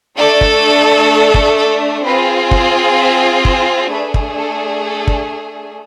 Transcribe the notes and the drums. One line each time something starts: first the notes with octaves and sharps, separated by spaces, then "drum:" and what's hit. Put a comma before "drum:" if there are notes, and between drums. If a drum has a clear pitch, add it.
A3 D4 A4 D5
drum: kick
drum: kick
A4
C4 F4 G#4 B4
C5, drum: kick
E5
C5, drum: kick
A3 D4 G#4 B4
drum: kick
A4
A4
drum: kick